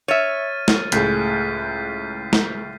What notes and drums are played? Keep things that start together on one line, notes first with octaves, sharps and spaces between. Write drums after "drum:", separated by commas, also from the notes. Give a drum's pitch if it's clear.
C#5 E5 F6 A6 D#7
drum: snare
C#2 A2 A3 G#4 G6 B6 C7, drum: hi-hat
drum: snare